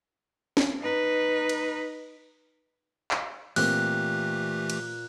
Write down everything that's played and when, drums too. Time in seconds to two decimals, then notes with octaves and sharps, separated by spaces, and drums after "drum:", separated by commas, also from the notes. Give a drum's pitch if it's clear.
0.57 drum: snare
0.81 D#4 B4
1.49 drum: cymbal
3.11 drum: clap
3.56 A#2 E3 A3 C4 G4 F#6, drum: open hi-hat
4.70 drum: cymbal